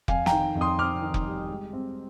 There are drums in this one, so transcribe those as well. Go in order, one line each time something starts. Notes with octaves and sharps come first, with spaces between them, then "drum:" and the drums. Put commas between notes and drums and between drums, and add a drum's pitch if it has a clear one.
F2 F5 G#5, drum: kick F1
G5 A#5, drum: snare
D#3
F2
C6 D#6
C4 D6 F6
D#3
drum: kick F1
G3
G#3
C4